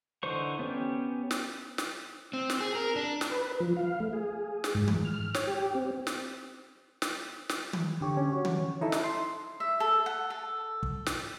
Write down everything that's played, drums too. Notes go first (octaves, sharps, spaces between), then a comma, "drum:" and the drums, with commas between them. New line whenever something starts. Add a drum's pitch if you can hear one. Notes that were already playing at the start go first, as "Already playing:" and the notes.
D3 E3 D#4 C5 C#6
B3 C#4 G4
drum: snare
drum: snare
C4
drum: snare
G#4
A#4
D4
drum: snare
B4
F3
F5
A3
G#4
drum: snare
G#2
drum: tom
F6
C#5, drum: snare
G4
C4
drum: snare
drum: snare
drum: snare
drum: tom
D3 G4 C#5
C#4
F#4 C#5
drum: tom
D#4 E4 A4 D#5
drum: snare
C6
E5
A4
F#5
A4
drum: kick
drum: snare